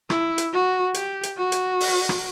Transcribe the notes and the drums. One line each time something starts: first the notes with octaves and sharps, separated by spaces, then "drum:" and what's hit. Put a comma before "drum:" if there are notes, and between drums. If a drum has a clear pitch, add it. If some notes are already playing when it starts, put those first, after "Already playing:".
E4, drum: rim click
drum: hi-hat
F#4
G4, drum: hi-hat
drum: hi-hat
F#4
drum: hi-hat
drum: open hi-hat
drum: rim click